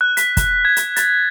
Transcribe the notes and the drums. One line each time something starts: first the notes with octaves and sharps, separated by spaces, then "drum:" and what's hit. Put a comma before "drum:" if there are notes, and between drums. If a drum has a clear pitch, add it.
F#6
B6, drum: hi-hat
drum: kick, hi-hat
G#6
drum: hi-hat
A6, drum: hi-hat